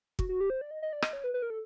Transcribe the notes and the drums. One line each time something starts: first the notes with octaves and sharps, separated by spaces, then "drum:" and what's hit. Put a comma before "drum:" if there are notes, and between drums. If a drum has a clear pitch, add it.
F#4, drum: kick
F#4
G4
C5
D5
D#5
D#5
D5
D#5, drum: rim click
C#5
B4
B4
A#4
A4